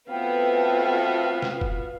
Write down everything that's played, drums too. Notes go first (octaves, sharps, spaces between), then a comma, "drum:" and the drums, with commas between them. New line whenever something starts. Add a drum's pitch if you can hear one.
A3 B3 C4 F4 F#4 A4 F5 G5
drum: snare
drum: kick F1